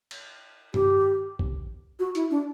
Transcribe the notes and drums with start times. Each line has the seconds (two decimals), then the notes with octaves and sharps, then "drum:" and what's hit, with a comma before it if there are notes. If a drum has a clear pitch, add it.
0.11 drum: cymbal
0.74 G4, drum: tom G2
1.39 drum: kick G#1
1.99 F#4
2.15 E4, drum: hi-hat
2.31 D4